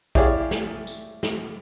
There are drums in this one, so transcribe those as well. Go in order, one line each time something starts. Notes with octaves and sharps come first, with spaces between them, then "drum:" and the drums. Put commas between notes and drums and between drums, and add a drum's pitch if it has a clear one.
E4 G4 G#4 C#5 D5 F5, drum: kick, tambourine
drum: snare
drum: tambourine
drum: snare